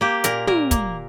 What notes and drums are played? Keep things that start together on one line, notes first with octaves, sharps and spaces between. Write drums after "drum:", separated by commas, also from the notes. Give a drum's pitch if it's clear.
A#3 G4
A#2 A#4, drum: hi-hat
A#2 A#4, drum: tom
A#3, drum: kick, hi-hat